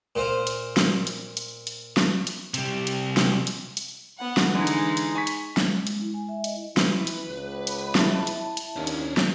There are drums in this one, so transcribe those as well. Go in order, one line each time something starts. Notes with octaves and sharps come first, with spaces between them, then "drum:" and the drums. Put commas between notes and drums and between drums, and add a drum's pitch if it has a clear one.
A#2 F4 C5 F5
drum: hi-hat
drum: snare
drum: hi-hat
drum: hi-hat
drum: hi-hat
drum: snare
drum: hi-hat
C3 G3, drum: hi-hat
drum: hi-hat
drum: snare
drum: hi-hat
drum: hi-hat
B3 F#5
drum: snare
D3 E3 G#3 D#4
drum: hi-hat
drum: hi-hat
G#5 C#6 B6
drum: hi-hat
drum: snare
G#3
G#3, drum: hi-hat
E4
G#5
E5
D#5, drum: hi-hat
E3 B4, drum: snare
drum: hi-hat
C#2
drum: hi-hat
E4 A5, drum: snare
drum: hi-hat
drum: hi-hat
D#2 C#4 D4
drum: hi-hat
drum: snare